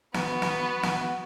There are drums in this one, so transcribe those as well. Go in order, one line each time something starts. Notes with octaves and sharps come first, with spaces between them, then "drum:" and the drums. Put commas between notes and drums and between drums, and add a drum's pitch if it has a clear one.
B3 F#4, drum: snare
drum: snare
drum: snare